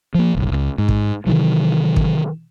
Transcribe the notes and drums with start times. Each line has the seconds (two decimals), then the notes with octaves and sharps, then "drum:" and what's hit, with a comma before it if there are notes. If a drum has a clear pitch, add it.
0.15 F3 A#3
0.35 F#1 B1
0.52 C#2
0.78 G#2
0.89 drum: kick
1.26 C3 D#3 E3 F#3
1.96 drum: kick